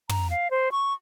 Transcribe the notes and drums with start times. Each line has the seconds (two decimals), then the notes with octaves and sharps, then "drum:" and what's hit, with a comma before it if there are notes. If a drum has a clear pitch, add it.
0.09 A#5, drum: tom
0.30 F5
0.51 C5
0.72 C#6